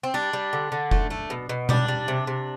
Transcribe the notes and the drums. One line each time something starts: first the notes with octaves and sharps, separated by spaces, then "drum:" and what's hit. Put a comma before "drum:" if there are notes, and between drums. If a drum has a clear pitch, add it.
C4
G3 D4
G3
D3
D3
A3, drum: kick F1
A3
B2
B2
G3 D4, drum: tom B2
G3
C3
C3